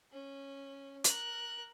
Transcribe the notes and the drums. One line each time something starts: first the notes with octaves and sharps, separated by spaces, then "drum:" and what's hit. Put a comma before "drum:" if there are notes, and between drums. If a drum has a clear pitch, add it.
C#4
A#4 F#6, drum: hi-hat